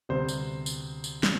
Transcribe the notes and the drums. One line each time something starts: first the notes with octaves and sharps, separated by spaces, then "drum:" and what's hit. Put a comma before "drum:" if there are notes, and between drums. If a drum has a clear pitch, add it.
D2 C3 G3 B3 C5
drum: tambourine
drum: tambourine
drum: tambourine
D3, drum: snare